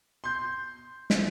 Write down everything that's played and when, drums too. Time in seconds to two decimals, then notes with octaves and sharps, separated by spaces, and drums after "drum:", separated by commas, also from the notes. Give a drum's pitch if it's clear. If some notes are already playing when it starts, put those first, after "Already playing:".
0.24 C6 G6
1.10 drum: snare